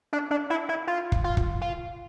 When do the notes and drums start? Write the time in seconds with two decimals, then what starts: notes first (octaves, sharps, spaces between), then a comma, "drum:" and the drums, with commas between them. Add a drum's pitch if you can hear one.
0.13 D4
0.31 D4
0.50 E4
0.69 E4
0.87 F4
1.12 drum: kick
1.24 F4
1.37 drum: kick
1.61 F4